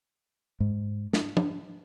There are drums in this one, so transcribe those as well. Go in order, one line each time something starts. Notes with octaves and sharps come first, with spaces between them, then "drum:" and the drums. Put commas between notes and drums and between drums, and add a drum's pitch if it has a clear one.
G#2
D4, drum: snare
drum: tom